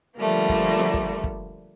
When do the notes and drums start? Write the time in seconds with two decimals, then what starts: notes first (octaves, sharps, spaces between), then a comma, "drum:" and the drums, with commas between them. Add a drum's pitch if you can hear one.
0.19 D3 F3 G3 A3 A#3
0.49 drum: kick
0.79 drum: snare F4
0.94 drum: kick
1.24 drum: kick